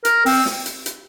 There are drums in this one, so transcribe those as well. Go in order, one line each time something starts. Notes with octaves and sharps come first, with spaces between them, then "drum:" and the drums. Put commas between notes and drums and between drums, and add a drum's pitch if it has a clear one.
A#4, drum: hi-hat
C4, drum: open hi-hat
drum: snare
drum: hi-hat
drum: hi-hat